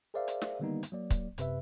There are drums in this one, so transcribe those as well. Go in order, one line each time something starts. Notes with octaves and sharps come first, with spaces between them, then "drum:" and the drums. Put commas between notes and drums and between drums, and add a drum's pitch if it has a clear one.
G#4 A#4 C5 D5 E5 F5
drum: hi-hat
drum: snare
D3 D#3 G3 A#3 B3 D#4
drum: hi-hat
F#3 A#3 D5
drum: kick C#1, hi-hat
F#2 C3 B4 E5, drum: hi-hat